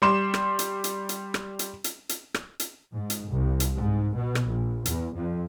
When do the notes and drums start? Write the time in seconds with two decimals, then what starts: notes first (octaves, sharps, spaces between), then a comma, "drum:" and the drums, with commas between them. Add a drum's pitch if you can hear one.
0.02 G3 C6 E7
0.34 drum: rim click
0.59 drum: hi-hat
0.84 drum: hi-hat
1.09 drum: hi-hat
1.34 drum: rim click
1.59 drum: hi-hat
1.84 drum: hi-hat
2.09 drum: hi-hat
2.34 drum: rim click
2.60 drum: hi-hat
2.92 G#2
3.10 drum: hi-hat
3.30 C2
3.60 drum: hi-hat
3.76 G#2
4.15 B2
4.35 drum: rim click
4.47 A#1
4.85 E2, drum: hi-hat
5.15 F2